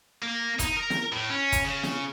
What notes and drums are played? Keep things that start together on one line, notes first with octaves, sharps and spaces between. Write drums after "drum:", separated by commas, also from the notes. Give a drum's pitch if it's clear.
A#3
D#4, drum: kick, hi-hat
A#4
drum: snare
A2
C#4
drum: kick, hi-hat
C#3
drum: snare